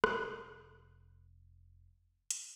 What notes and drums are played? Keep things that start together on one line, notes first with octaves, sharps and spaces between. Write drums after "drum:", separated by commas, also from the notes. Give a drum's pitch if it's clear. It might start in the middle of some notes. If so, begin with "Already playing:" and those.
F1 C4, drum: rim click
drum: hi-hat